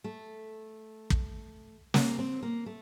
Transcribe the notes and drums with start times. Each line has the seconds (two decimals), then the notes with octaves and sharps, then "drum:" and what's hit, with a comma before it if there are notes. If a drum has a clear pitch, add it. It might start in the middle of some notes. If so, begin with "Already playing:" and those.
0.04 A3
1.10 drum: kick
1.94 A#3, drum: snare
2.19 C4
2.43 A#3
2.66 A3